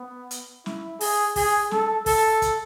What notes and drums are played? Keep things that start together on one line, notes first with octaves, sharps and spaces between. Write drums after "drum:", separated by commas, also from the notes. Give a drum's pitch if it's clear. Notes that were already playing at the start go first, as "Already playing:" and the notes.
Already playing: B3
drum: hi-hat
E4, drum: snare
G#4, drum: open hi-hat
G#4, drum: kick, open hi-hat
A4, drum: snare
A4, drum: kick, open hi-hat
drum: kick, hi-hat